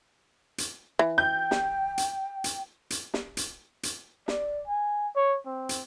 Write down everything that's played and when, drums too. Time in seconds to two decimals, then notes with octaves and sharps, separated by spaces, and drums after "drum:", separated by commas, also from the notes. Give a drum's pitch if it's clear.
0.58 drum: hi-hat
0.99 E3
1.18 G5 G6
1.51 drum: snare
1.98 drum: hi-hat
2.44 drum: hi-hat
2.90 drum: hi-hat
3.14 drum: snare
3.37 drum: hi-hat
3.83 drum: hi-hat
4.28 D5, drum: snare
4.68 G#5
5.16 C#5
5.46 C4
5.69 drum: hi-hat